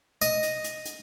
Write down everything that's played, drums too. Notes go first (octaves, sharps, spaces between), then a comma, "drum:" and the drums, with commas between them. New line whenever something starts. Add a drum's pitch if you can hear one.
D#5, drum: hi-hat
drum: hi-hat
drum: hi-hat
drum: hi-hat